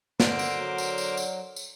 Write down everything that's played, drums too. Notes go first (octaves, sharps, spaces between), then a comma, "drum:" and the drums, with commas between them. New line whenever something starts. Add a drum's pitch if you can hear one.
D3 A#4 C5 D6, drum: snare
drum: tambourine
F#3
drum: tambourine
drum: tambourine
drum: tambourine
drum: tambourine